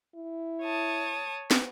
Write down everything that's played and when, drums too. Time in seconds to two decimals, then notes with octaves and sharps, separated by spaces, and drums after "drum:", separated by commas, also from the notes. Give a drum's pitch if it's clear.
0.15 E4
0.63 C#5 A5 D#6
1.51 drum: snare